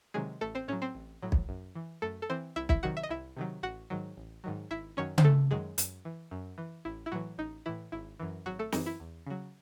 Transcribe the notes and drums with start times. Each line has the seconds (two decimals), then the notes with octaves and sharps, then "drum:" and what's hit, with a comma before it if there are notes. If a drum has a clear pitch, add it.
0.14 C3 D#3 F#3 G#3 G#4
0.41 A1 A3 A4
0.55 C4 C5
0.68 A2 F#3 C#4 C#5
0.82 C4 C5
0.95 A1
1.22 A2 F#3
1.32 drum: kick B1
1.49 F#2
1.75 E3
2.02 F#2 A3 A4
2.22 A4
2.29 E3 C4 C5
2.56 C2 E4 E5
2.69 E4 E5, drum: kick B1
2.83 C3 D#3 F#3 F#4 F#5
2.97 E5
3.03 D#5
3.09 C2 E4 E5
3.37 C3 D#3 F#3
3.63 A1 F#4 F#5
3.90 G#2 D#3 F#3
4.17 A1
4.44 G#2 D#3 F#3
4.70 G#1 E4 E5
4.97 F#2 D#3 F#3 C#4 C#5
5.18 C5, drum: tom C#3
5.24 G#1 A3 A4
5.51 F#2 D#3 F#3 G#3 G#4
5.78 F#2, drum: hi-hat
6.05 E3
6.31 F#2
6.58 E3
6.85 A1 E4
7.06 E4
7.12 A2 E3 F#3 F#4
7.38 A1 D#4
7.66 A2 E3 E4
7.92 G#1 E4
8.20 F#2 E3
8.46 G#1 F#3 F#4
8.59 A3 A4
8.72 F#2 E3 D#4, drum: snare
8.86 E4
9.00 E2
9.27 C#3 F#3